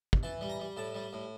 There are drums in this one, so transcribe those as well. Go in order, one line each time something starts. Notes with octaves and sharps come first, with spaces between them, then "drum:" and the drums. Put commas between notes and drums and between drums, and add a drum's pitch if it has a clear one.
drum: kick
E3 A5
G3
A#5
G3
A2 A5
G3
A2